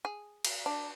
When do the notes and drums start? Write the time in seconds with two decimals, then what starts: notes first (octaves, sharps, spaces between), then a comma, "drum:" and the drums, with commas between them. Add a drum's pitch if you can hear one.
0.05 G#4
0.45 drum: cymbal
0.66 D4